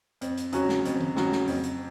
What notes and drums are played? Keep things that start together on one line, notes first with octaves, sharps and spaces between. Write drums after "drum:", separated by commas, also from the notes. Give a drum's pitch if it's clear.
F2, drum: hi-hat
drum: hi-hat
C#3 F#3 C#4 F#4, drum: hi-hat
drum: snare
F2, drum: hi-hat
drum: tom D#3
C#3 F#3 C#4 F#4, drum: snare
drum: snare
F2, drum: open hi-hat
drum: hi-hat